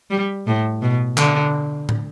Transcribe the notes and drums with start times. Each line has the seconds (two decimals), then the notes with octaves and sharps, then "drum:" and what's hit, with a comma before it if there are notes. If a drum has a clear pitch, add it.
0.11 G3
0.47 A2
0.82 B2
1.18 D3, drum: clap
1.89 drum: tom